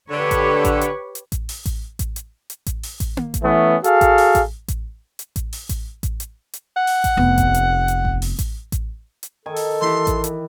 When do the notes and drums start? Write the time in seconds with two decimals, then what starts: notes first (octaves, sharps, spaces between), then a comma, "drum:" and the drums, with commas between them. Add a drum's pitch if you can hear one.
0.10 D3 G4 B4 C#5
0.31 drum: kick A1, hi-hat
0.65 drum: kick A1, hi-hat
0.81 drum: hi-hat
1.15 drum: hi-hat
1.32 drum: kick A1, hi-hat
1.49 drum: open hi-hat
1.66 drum: kick A1, hi-hat
1.99 drum: kick A1, hi-hat
2.16 drum: hi-hat
2.50 drum: hi-hat
2.66 drum: kick A1, hi-hat
2.83 drum: open hi-hat
3.00 drum: kick A1, hi-hat
3.17 drum: tom A#3
3.34 drum: kick A1, hi-hat
3.44 E3 A3 B3 C#4
3.84 F#4 G#4 A4 F5, drum: hi-hat
4.01 drum: kick A1, hi-hat
4.18 drum: open hi-hat
4.35 drum: kick A1, hi-hat
4.68 drum: kick A1, hi-hat
5.19 drum: hi-hat
5.36 drum: kick A1, hi-hat
5.53 drum: open hi-hat
5.69 drum: kick A1, hi-hat
6.03 drum: kick A1, hi-hat
6.20 drum: hi-hat
6.54 drum: hi-hat
6.77 F#5
6.87 drum: open hi-hat
7.04 drum: kick A1, hi-hat
7.17 F1 B3
7.38 drum: kick A1, hi-hat
7.54 drum: hi-hat
7.88 drum: hi-hat
8.05 drum: kick A1
8.22 drum: open hi-hat
8.39 drum: kick A1, hi-hat
8.72 drum: kick A1, hi-hat
9.23 drum: hi-hat
9.46 D#3 A4 G#5
9.56 drum: open hi-hat
9.81 E3 E4 G4 C6
10.07 drum: kick A1, hi-hat
10.24 drum: hi-hat